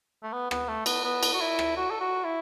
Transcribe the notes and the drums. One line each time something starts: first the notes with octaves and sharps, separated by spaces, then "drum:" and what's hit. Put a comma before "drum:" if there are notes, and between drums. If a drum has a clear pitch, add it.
A3
B3
B3, drum: rim click
A3
B3, drum: cymbal
B3
drum: cymbal
F#4
E4
drum: rim click
F#4
A4
F#4
E4